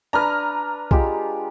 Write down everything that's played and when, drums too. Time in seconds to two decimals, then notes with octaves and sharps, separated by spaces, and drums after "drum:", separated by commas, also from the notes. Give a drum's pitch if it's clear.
0.13 D4 B4 A#5 F6
0.91 G#3 F4 G4, drum: kick B1